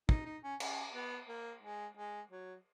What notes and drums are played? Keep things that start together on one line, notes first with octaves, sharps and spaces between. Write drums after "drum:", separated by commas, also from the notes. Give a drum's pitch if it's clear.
D#4, drum: kick
D#4
C#4
C#4, drum: cymbal
B3
A#3
G#3
G#3
F#3